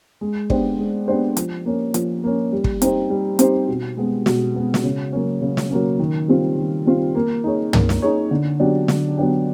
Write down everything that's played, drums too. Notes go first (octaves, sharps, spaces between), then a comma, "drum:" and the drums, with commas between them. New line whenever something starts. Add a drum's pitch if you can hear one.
G#3
B3 D4 G4 C5, drum: kick
G#3
B3 D4 G4 C5
F3, drum: hi-hat
A#3 C#4
F3, drum: hi-hat
A#3 C#4
G3
drum: kick
C4 D#4 G4 C5, drum: hi-hat
G3
C4 D#4 G4 C5, drum: hi-hat
B2
G#3 B3
B2, drum: snare
G#3 B3
drum: snare
C#3
F#3 A#3 C#4
C#3
drum: snare
F#3 A#3 C#4
D#3
G3 C4 F4
D#3
G3 C4 F4
A#3
D#4 G#4 C#5
A#3, drum: tom
drum: snare
D#4 G#4 C#5
D3
F#3 B3 D4 G4
D3, drum: snare
F#3 B3 D4 G4